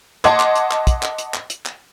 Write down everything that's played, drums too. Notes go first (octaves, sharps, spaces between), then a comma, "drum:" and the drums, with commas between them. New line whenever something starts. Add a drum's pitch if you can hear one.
D#5 F#5 A5 C6 D6 G#6, drum: hi-hat
drum: clap
drum: hi-hat
drum: clap
drum: kick, hi-hat
drum: clap
drum: hi-hat
drum: clap
drum: hi-hat
drum: clap